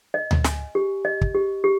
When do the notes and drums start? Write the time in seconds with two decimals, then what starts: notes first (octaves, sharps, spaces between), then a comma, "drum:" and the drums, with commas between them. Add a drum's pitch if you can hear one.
0.14 D#5
0.31 drum: tom D2
0.44 G#5, drum: snare
0.75 G4
1.05 D#5
1.21 drum: kick
1.35 G4
1.64 G4